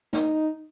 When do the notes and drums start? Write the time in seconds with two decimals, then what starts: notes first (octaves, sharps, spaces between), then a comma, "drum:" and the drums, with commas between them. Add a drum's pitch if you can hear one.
0.13 D#4, drum: snare